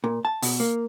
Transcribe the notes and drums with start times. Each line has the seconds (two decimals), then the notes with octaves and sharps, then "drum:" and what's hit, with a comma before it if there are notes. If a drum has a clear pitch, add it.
0.04 A#2
0.25 A5
0.42 B2, drum: open hi-hat
0.60 A#3